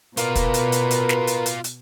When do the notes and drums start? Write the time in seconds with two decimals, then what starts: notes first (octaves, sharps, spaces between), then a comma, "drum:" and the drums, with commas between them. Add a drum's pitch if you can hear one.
0.17 B2 F4 A#4 B4 D5, drum: hi-hat
0.36 drum: kick, hi-hat
0.54 drum: hi-hat
0.72 drum: hi-hat
0.91 drum: hi-hat
1.09 drum: snare
1.27 drum: hi-hat
1.46 drum: hi-hat
1.64 drum: hi-hat